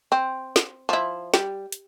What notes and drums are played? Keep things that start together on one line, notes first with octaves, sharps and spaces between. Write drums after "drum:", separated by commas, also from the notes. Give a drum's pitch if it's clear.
C4
drum: snare
F3 E4
G3, drum: snare
drum: hi-hat